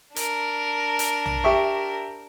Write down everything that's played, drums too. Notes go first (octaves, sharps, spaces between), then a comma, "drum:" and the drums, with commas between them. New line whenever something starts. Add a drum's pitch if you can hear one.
D4 A#4, drum: hi-hat
drum: hi-hat
drum: tom
G4 E5 C#6